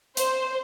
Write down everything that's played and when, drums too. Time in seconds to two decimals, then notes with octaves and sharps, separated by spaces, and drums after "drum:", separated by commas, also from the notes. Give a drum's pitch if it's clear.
0.17 C5, drum: hi-hat